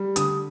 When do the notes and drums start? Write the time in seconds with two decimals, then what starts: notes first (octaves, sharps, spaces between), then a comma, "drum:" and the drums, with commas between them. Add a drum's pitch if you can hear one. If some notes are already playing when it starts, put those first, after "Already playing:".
Already playing: G3
0.16 D3 D#6, drum: hi-hat